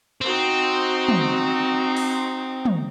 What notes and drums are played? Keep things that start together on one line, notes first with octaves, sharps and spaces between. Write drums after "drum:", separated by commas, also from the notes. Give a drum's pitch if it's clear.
C4 D#4 F#4
drum: tom
drum: open hi-hat
drum: tom